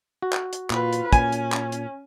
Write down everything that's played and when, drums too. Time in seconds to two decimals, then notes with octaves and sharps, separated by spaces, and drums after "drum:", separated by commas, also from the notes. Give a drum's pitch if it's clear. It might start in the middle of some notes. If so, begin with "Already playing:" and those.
0.22 F#4
0.33 drum: clap
0.53 drum: hi-hat
0.70 A#2 F4 B4, drum: clap
0.93 drum: hi-hat
1.13 A#2 C#4 G#5, drum: kick, hi-hat
1.32 drum: hi-hat
1.52 drum: clap
1.72 drum: hi-hat